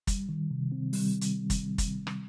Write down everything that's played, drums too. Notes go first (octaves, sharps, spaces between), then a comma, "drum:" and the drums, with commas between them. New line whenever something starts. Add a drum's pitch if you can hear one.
G3, drum: kick, hi-hat
D#3
C3
C4
G3, drum: open hi-hat
drum: hi-hat
drum: kick, hi-hat
drum: kick, hi-hat
drum: rim click